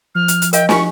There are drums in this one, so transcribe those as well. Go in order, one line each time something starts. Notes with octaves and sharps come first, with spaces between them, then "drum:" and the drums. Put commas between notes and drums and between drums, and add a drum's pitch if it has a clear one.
F3 F6
drum: hi-hat
drum: hi-hat
A#4 D#5 F5 G5, drum: hi-hat
F4 G4 G#5 C#6, drum: snare